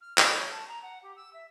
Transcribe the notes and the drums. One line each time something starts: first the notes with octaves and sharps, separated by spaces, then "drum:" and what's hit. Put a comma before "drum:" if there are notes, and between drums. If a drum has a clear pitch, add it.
F6
B5, drum: clap
C#5
A5
A#5
F#5
G4
E6
E5